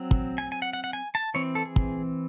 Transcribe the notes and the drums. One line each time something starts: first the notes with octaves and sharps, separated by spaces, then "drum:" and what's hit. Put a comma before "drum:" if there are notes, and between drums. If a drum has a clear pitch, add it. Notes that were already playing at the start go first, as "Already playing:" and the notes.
Already playing: F#3 C4
drum: kick
G#5
G#5
F#5
F#5
F#5
G#5
A5
E3 C4 C#5
A4
G#4
drum: kick